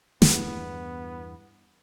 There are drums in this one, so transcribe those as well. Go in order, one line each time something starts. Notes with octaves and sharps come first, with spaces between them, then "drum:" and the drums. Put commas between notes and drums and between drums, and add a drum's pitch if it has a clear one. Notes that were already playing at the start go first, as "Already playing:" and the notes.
E2 G2 E3 B3, drum: snare